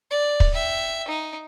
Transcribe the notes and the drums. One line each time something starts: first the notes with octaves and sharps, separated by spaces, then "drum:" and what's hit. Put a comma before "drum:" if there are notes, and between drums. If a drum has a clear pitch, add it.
D5
drum: kick
E5 G5
D#4